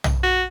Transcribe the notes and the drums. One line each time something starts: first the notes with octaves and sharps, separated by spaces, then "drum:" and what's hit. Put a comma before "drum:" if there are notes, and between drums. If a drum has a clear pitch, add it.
drum: tom
F#4